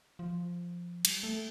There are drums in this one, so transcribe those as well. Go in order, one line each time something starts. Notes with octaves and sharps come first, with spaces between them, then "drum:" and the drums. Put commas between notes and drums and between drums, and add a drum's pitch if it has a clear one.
F3
G3, drum: cymbal
A3